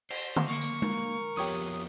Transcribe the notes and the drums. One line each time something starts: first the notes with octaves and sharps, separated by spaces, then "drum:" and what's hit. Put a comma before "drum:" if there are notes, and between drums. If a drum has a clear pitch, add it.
C5, drum: cymbal
drum: tom D3
A#3 C#6
drum: tambourine
A#4, drum: tom G#3
F2 F3 B3 G4 C#5 D#6